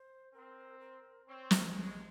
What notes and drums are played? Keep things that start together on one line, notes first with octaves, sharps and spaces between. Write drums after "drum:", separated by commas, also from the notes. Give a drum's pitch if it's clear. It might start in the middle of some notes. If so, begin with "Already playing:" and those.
Already playing: C5
C4 A#4
A#4
C4 C#5
drum: snare
G#3 D#5
C#5
D#5